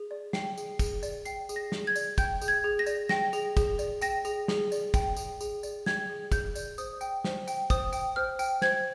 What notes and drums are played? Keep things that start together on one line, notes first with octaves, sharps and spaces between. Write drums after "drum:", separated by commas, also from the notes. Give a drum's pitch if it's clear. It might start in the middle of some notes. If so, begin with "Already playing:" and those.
Already playing: G#4
D5
G5 C7, drum: snare
G#4, drum: tambourine
G#4, drum: kick, tambourine
D5, drum: tambourine
G5 C7, drum: tambourine
G#4, drum: tambourine
A#6
G#4, drum: snare
G#6
D5, drum: tambourine
G5 G6, drum: kick, tambourine
G#4, drum: tambourine
G#6
G#4
A#6
D5, drum: tambourine
G5 A#6, drum: snare
G#4, drum: tambourine
G#4, drum: kick, tambourine
D5, drum: tambourine
G5 A#6, drum: tambourine
G#4, drum: tambourine
G#4, drum: snare
D5, drum: tambourine
G5, drum: kick, tambourine
G#4, drum: tambourine
G#4, drum: tambourine
D5, drum: tambourine
G5 G#6, drum: snare
G#4
G#4 G6, drum: kick, tambourine
D5, drum: tambourine
C5 D#6, drum: tambourine
G5, drum: tambourine
C5, drum: snare
G5, drum: tambourine
C5 D#6, drum: kick, tambourine
G5, drum: tambourine
C5 F6
G5, drum: tambourine
C5 G#6, drum: snare